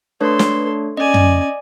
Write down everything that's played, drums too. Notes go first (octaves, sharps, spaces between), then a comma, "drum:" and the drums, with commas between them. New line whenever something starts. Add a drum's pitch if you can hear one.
A3 D4 A4 B4 C#5 C6
drum: snare
C#4 D5 D#5 G#5
drum: tom